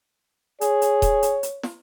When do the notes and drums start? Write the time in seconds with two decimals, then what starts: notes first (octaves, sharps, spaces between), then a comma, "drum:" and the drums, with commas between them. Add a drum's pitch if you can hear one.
0.61 G#4 C#5, drum: hi-hat
0.82 drum: hi-hat
1.02 drum: kick D#1, hi-hat
1.23 drum: hi-hat
1.43 drum: hi-hat
1.63 drum: snare